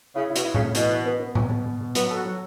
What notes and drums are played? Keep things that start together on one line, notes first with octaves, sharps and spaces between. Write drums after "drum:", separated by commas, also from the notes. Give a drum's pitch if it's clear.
C#3 E4
E4
B2, drum: hi-hat
E4
C#3, drum: tom
A3
B2 E3, drum: hi-hat
E3
B3
B3
B2, drum: tom
B2
B2
B2
F#3 B3, drum: hi-hat
F#4 A4
F#3